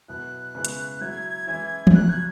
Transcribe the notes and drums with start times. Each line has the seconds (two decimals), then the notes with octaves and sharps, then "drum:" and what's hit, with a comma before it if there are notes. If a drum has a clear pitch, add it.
0.08 B2 F#3 B3 E4 F#6
0.55 C#3 G#3 B3 E4
0.65 drum: hi-hat
1.01 F#3 E4 G#6
1.47 E3 G#3 C#4 E4
1.87 G#6, drum: tom
1.94 C#3 F#3 C#4 F#6
2.10 G#6